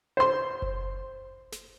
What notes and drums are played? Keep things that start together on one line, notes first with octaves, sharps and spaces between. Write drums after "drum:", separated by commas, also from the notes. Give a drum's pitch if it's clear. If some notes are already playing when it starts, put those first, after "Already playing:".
C5 C6
drum: kick F#1
drum: snare